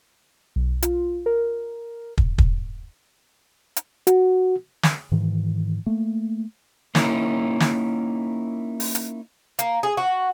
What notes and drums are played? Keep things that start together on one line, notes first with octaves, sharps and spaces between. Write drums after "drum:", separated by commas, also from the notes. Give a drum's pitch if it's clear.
B1
F4, drum: hi-hat
A#4
drum: kick
drum: kick
drum: hi-hat
F#4, drum: hi-hat
drum: snare
G#2 D#3 E3
A3 A#3
A#3 C#4 D#4 E4, drum: snare
drum: snare
drum: open hi-hat
drum: hi-hat
A#3, drum: hi-hat
G#4
F#4